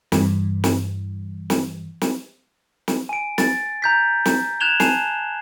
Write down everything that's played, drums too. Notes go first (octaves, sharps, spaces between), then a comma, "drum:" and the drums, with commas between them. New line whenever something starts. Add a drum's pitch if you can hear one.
G2 E3, drum: snare
drum: snare
drum: snare
drum: snare
drum: snare
G#5 D7
A6, drum: snare
A#5 G6 B6
drum: snare
F#6 G#6 E7 F7 G7
G#5 A5 C7, drum: snare